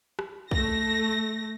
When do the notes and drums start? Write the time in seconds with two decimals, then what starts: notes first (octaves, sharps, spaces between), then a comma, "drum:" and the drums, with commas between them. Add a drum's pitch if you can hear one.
0.19 drum: rim click
0.51 A3 A#6, drum: kick B1